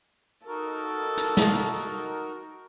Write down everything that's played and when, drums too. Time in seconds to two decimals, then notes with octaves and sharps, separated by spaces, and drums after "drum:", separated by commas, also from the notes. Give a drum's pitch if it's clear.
0.47 D#4 F#4 A4 A#4
1.17 drum: hi-hat
1.37 drum: snare